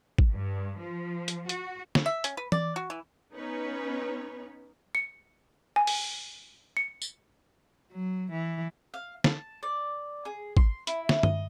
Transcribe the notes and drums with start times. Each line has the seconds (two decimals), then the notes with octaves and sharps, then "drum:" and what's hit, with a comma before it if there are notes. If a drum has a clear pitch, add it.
0.18 drum: kick
0.31 G2
0.78 F3
1.28 drum: hi-hat
1.49 F#4, drum: hi-hat
1.95 drum: snare
2.06 E5
2.24 C#4, drum: hi-hat
2.37 B4
2.52 D5, drum: tom E3
2.76 F#4
2.90 E3
3.34 B3 C#4 D#4 B4 C#5
4.95 C#7
5.76 G#5
5.87 drum: open hi-hat
6.77 C#7
7.02 drum: tambourine
7.93 F#3
8.31 E3
8.94 F5
9.24 A5, drum: snare
9.63 D5
10.25 G#4
10.57 C6, drum: kick
10.87 E4, drum: hi-hat
11.09 drum: snare
11.23 D#5, drum: tom G2